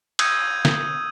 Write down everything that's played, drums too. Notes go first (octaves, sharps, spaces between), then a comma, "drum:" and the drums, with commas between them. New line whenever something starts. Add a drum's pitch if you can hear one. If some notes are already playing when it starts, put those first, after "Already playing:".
D#6 E6 G6 G#6 D#7, drum: cymbal
drum: snare